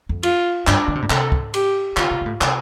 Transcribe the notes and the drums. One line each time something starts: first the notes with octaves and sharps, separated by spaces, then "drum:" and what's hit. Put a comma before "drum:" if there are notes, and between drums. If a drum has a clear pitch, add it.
F2
F4, drum: cymbal
G2 D4, drum: clap
D3
C3
A2
C3 A4, drum: clap
drum: kick
G4, drum: cymbal
D3 F4, drum: clap
C3
C3
A2
C3, drum: clap